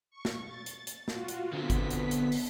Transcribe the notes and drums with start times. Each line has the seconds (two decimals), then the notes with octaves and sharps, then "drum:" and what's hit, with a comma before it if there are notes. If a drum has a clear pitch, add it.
0.10 C#6
0.25 drum: snare
0.42 A6
0.66 drum: hi-hat
0.87 drum: hi-hat
1.08 F4 F#4, drum: snare
1.28 drum: hi-hat
1.53 D3 B3 C4 B6
1.70 drum: kick G1, hi-hat
1.91 drum: hi-hat
2.11 drum: hi-hat
2.32 drum: open hi-hat